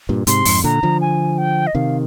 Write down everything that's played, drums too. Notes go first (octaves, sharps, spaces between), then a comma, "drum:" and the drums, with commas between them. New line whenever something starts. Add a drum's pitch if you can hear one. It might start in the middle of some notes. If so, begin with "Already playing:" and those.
G2 A#2
G#2 C3 C6, drum: hi-hat
F2 G#2, drum: open hi-hat
A#2 D3 A#5
D3 F3
G#5
G5
D#5
C3 D#3 F5